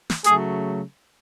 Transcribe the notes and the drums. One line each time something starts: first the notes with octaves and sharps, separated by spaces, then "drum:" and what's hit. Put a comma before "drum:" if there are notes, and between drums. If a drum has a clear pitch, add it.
drum: snare
C#3 F#3 A3 G#4, drum: hi-hat